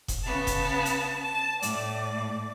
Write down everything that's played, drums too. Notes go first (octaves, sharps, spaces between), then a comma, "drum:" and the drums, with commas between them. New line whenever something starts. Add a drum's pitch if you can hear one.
drum: kick E1, hi-hat
C#3 B3 A5
drum: kick E1, hi-hat
drum: hi-hat
A5
A2 D5, drum: hi-hat